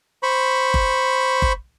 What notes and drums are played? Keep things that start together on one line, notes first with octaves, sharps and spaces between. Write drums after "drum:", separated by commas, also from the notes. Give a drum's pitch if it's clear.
C5 B5 C#6
drum: kick G1
drum: kick G1